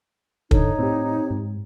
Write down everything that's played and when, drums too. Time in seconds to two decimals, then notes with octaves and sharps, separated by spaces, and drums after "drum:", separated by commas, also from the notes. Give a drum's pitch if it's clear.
0.51 G2 D3 D#4 A4 C#5, drum: kick
0.79 A2 C4 G4
1.31 G#2